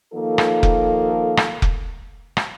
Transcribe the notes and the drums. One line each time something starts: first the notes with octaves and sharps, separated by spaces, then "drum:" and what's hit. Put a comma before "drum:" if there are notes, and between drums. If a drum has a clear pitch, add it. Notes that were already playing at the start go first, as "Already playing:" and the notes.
D#3 F3 A#3 A4
drum: rim click
drum: kick F1
drum: rim click
drum: kick F1
drum: rim click